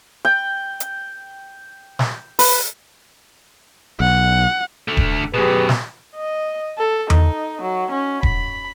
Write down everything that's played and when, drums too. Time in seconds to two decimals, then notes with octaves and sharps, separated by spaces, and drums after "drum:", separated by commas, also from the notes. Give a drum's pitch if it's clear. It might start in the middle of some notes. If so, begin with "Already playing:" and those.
0.25 G5
0.80 drum: hi-hat
1.99 drum: snare
2.39 B4, drum: open hi-hat
4.00 B1 F#5
4.88 D3 A3
4.97 drum: kick D#1
5.34 F#2 B2 G4 G#4 B4
5.69 drum: snare
6.16 D#5
6.78 A4
7.10 D#4, drum: tom E2
7.62 F#3
7.91 C#4
8.23 B5, drum: kick D#1